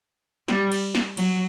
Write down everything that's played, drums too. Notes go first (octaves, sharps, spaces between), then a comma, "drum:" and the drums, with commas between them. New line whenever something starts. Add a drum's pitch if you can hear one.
G3, drum: snare
drum: cymbal
drum: snare
F#3, drum: cymbal